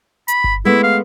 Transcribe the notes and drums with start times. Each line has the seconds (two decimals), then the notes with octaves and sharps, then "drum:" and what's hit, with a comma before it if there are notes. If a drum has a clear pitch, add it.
0.28 B5, drum: hi-hat
0.44 drum: kick G1
0.65 G#3 A3 B3 E4
0.83 F5